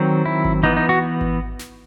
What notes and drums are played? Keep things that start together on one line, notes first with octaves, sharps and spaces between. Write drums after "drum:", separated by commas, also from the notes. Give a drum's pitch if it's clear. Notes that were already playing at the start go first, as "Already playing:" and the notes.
Already playing: D#3 F#3 C4
E4
drum: kick G#1
E3 B3 D#4
D#4
F#4
drum: kick G#1
drum: snare